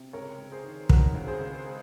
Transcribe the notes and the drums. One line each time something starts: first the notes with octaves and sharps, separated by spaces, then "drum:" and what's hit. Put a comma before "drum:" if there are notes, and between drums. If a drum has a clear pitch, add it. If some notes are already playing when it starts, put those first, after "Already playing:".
Already playing: C3
C#2 A#4 C#5
C#2
G#4 C5
D#3
D#3 F#4 A#4, drum: kick
C#2
G#4 C5
C#2
G#3 G#4 C5